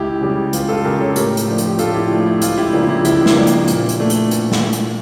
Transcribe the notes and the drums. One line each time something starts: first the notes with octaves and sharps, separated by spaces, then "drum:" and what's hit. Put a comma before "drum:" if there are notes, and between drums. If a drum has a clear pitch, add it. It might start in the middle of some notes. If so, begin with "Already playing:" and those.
Already playing: C#2 E4 G4
C#3 G3 C#4
C#2 F4, drum: hi-hat
F4 A4
C#3 G3 C#4 G4 A#4
A4 C#5
A2 G4 A#4, drum: hi-hat
drum: hi-hat
F3 A3 D4
drum: hi-hat
G4
A2 F4 A4, drum: hi-hat
E4 G4
F3 A3 D4
E4
C#2 F4, drum: hi-hat
E4 G4
C#3 F3 A#3 D4
E4
C#2 E4 G4, drum: hi-hat
drum: snare
C#3 F3 A#3 D4
drum: hi-hat
A#2, drum: hi-hat
drum: hi-hat
A3 D4
drum: hi-hat
A#2, drum: hi-hat
drum: snare
drum: hi-hat